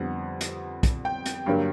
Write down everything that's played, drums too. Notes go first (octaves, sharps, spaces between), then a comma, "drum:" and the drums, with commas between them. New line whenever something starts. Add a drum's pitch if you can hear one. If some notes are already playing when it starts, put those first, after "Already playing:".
Already playing: F2 D3 G3 B3 F#5
drum: hi-hat
drum: kick, hi-hat
G5
drum: hi-hat
G2 D3 F#3 A#3